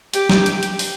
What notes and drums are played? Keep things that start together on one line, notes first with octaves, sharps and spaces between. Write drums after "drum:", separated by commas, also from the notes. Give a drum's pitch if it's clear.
G4, drum: hi-hat
drum: snare
drum: hi-hat
drum: hi-hat
drum: open hi-hat